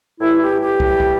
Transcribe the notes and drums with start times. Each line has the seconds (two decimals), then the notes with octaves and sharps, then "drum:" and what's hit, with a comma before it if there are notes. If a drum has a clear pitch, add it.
0.21 A2 E3 G3 E4
0.41 G4
0.61 G4
0.80 A2 E3 G3, drum: kick
1.00 drum: kick